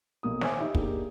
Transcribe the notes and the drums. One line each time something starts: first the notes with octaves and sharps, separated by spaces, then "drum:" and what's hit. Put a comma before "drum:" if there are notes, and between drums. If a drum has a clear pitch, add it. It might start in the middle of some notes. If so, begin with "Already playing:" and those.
B1 A#3 D#6
C5 C#5 E5 G#5 D6, drum: snare
D#4 G4 E5 G5
A#3 D4 G4 G#4, drum: kick